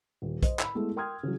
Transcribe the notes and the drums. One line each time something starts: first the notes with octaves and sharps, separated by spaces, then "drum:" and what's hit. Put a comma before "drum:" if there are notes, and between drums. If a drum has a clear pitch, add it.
D#1
C5 D#5, drum: kick, hi-hat
B5 E6, drum: clap
G#3 A3 B3 E4
A#4 G5 C6 D#6 F6 G#6
C#3 E3 F#3